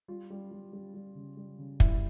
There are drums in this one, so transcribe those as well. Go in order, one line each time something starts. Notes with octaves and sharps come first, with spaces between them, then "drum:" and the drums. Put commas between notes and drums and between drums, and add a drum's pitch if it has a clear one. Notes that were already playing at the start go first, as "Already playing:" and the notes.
G3 F4
G3
G3
G3
G3
C#3
G3
C#3
G3 E4, drum: kick